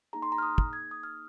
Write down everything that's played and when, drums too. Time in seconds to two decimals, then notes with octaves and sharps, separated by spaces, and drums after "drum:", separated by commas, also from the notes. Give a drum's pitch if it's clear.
0.13 A#3 D#4 G#4 A#5
0.22 C6
0.32 A#5
0.38 F6
0.42 D#6
0.58 drum: kick
0.73 G#6
0.91 D#6
1.03 F6